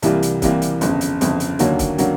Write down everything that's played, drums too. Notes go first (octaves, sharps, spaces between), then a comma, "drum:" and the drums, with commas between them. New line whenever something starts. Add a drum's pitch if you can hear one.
C2 C3 E3 G3 A#3, drum: hi-hat
drum: hi-hat
C2 C3 E3 G3 A#3, drum: kick C#1, hi-hat
drum: hi-hat
G1 F2 C#3, drum: hi-hat
drum: hi-hat
G1 F2 C#3, drum: hi-hat
drum: hi-hat
D#2 D3 F#3 A#3 C#4, drum: hi-hat
drum: kick C#1, hi-hat
D3 F#3 A#3 C#4, drum: hi-hat